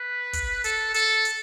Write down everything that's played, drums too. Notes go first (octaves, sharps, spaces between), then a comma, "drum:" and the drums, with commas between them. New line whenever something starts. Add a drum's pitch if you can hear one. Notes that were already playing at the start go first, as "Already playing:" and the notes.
Already playing: B4
drum: kick, hi-hat
A4, drum: hi-hat
A4, drum: hi-hat
drum: hi-hat